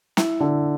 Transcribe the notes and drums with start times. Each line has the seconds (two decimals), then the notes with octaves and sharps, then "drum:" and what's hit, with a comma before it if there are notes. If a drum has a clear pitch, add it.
0.17 E4, drum: snare
0.40 D3